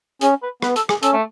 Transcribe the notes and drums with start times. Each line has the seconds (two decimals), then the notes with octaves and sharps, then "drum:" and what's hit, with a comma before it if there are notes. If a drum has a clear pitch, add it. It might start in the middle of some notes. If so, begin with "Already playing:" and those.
0.21 C#4 G#4, drum: hi-hat
0.42 B4
0.62 B3 B4, drum: rim click
0.76 A4, drum: hi-hat
0.89 G#4, drum: rim click
1.03 C#4 A4, drum: hi-hat
1.13 A3